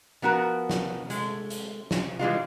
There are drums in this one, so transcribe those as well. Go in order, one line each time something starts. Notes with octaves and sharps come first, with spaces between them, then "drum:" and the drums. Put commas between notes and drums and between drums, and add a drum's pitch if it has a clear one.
F3 B3 F#4 A#4
drum: snare
G#3 A3, drum: hi-hat
drum: hi-hat
drum: snare
E3 G3 G#3 F4